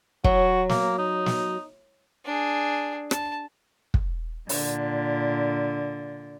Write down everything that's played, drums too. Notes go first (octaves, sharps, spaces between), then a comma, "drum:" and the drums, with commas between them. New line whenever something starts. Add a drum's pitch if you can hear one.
F#3 F#4, drum: kick
A#3, drum: snare
D#4
drum: snare
D4 G#4
A5, drum: rim click
drum: kick
A#2 D3, drum: open hi-hat